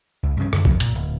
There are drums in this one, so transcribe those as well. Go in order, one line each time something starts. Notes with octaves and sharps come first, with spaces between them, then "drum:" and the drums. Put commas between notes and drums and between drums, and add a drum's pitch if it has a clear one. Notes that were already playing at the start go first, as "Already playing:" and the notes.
C#2
G2 C#3 C#4
F#2 B2 D3, drum: rim click
F#2 F3 F#3, drum: kick B1
A#2, drum: hi-hat
D1